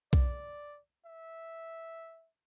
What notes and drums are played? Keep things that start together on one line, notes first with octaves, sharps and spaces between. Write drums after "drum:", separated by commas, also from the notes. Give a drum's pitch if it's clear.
D5, drum: kick B1
E5